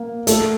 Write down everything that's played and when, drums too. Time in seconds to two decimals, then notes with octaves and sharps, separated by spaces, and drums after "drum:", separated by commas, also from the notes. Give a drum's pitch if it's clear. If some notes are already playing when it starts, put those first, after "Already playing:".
Already playing: A#3
0.27 A3, drum: hi-hat